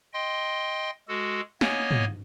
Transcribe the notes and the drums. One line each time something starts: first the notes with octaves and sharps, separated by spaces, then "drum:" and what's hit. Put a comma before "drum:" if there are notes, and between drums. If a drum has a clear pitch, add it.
D#5 G5 C6
G#3 F#4 A4
A#3 B3 C#5 D#5 G#5, drum: snare
drum: tom